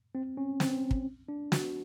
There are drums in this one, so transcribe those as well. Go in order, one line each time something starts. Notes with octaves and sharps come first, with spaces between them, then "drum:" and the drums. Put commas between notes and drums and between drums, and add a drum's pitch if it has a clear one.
C4
C#4
C4, drum: snare
drum: kick
D4
F#4, drum: snare